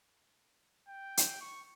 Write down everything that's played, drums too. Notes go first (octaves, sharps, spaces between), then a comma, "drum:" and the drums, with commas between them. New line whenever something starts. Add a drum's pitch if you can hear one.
G5
drum: hi-hat
C#6